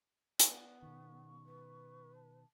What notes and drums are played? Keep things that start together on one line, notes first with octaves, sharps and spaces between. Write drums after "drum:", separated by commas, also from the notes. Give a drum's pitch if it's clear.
B3 D5, drum: hi-hat
B2 D#3 C#6
B4
A5